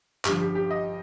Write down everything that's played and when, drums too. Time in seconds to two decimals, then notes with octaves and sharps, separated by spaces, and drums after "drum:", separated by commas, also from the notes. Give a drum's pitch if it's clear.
0.25 G1 G2 D3 F3 G4, drum: clap
0.41 G4
0.55 G4
0.71 D#5